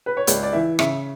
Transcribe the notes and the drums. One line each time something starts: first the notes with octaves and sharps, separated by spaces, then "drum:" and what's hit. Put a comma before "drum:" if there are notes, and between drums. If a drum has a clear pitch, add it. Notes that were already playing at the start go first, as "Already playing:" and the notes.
B4
C#5
C#2 D5, drum: hi-hat
D5
E3 E5
C#3 E5, drum: rim click